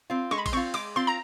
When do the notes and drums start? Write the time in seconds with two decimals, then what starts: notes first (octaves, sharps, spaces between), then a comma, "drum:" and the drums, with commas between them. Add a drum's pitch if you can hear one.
0.10 C4 F4
0.31 G#3 C#6, drum: snare
0.38 B5
0.46 C6, drum: kick A1, cymbal
0.53 C4 F4 C#6
0.74 G#3 D6, drum: cymbal
0.96 C4 F4 C6
1.07 A#5